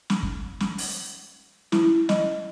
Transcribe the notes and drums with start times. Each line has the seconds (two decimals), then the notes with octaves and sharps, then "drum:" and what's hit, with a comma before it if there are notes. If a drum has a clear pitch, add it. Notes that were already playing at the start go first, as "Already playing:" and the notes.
0.10 drum: snare
0.23 drum: kick
0.60 drum: snare
0.78 drum: open hi-hat
1.72 E4, drum: snare
2.09 D#5, drum: snare